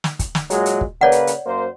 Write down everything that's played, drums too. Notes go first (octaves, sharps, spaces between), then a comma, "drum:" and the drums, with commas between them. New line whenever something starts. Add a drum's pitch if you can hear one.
drum: snare
drum: kick, hi-hat
drum: snare
A#2 F#3 G#3, drum: hi-hat
drum: hi-hat
drum: kick
C#3 A#3 B4 C#5 D5 F#5
drum: hi-hat
drum: hi-hat
F#2 A#3 C5